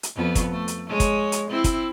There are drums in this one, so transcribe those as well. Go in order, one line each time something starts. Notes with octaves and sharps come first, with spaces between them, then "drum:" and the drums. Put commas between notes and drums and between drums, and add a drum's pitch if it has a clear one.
drum: hi-hat
F2 B3
drum: kick, hi-hat
A3
drum: hi-hat
G#3 C#5
drum: kick, hi-hat
drum: hi-hat
C4 E4
drum: kick, hi-hat